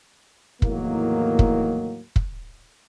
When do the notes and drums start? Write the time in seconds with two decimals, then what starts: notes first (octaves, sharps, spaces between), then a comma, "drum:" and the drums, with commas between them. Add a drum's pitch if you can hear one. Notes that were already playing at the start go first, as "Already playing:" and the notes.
0.62 E2 A2 D#3 F#3 A#3, drum: kick
1.39 drum: kick
2.16 drum: kick